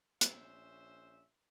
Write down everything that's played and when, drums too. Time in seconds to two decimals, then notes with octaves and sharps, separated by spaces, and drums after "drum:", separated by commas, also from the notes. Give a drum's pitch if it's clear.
0.21 A#1 C#4 C5 E5, drum: hi-hat